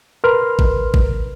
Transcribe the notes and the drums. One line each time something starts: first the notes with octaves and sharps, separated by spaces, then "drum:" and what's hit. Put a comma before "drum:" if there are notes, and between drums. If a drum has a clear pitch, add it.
A#4 B4 C6 F6
drum: kick G#1
drum: kick G#1